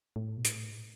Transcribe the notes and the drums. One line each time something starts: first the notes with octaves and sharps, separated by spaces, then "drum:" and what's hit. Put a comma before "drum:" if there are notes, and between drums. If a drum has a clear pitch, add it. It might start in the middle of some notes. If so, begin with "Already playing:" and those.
A2
B2
A2, drum: hi-hat